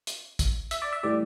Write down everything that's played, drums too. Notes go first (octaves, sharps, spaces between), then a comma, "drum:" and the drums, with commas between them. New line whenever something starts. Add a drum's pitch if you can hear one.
drum: hi-hat
drum: kick, hi-hat
E5, drum: hi-hat
D5
E5
A2 E3 G3 D5